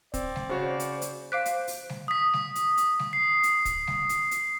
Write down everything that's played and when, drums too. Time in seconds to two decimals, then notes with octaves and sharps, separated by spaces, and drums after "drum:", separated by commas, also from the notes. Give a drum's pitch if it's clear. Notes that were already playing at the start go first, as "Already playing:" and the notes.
0.14 C4 D5, drum: kick, hi-hat
0.36 drum: snare
0.49 C#3 F#4 C5 C#5
0.80 drum: hi-hat
1.02 drum: hi-hat
1.32 C5 F5 D6 F#6 B6 D7
1.46 drum: hi-hat
1.68 drum: open hi-hat
1.89 drum: snare
2.08 D#6 B6
2.33 drum: snare
2.55 drum: hi-hat
2.77 drum: hi-hat
2.99 drum: snare
3.13 C7
3.43 drum: hi-hat
3.65 drum: kick, hi-hat
3.87 drum: snare
4.09 drum: hi-hat
4.31 drum: hi-hat